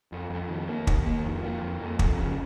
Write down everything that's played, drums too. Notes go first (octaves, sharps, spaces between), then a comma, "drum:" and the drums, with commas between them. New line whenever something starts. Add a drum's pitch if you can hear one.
F2
F2
D#3
A#3
D#3, drum: kick
A#3
F2
A#3
F2
F2
F2, drum: kick
C#3